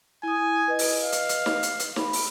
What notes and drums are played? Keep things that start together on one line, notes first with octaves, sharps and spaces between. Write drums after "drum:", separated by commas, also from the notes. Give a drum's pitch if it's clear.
E4 G#5 D#6
B4 D#5
drum: open hi-hat
F5
drum: hi-hat
drum: hi-hat
drum: snare
drum: hi-hat
drum: hi-hat
B5, drum: snare
drum: open hi-hat